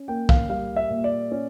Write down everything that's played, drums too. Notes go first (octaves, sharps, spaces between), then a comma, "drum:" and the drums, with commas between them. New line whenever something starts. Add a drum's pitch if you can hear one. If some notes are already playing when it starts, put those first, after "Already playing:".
Already playing: C#4
A#3 G5
F5, drum: kick
G3 F5
E5
A#2
D5
C#4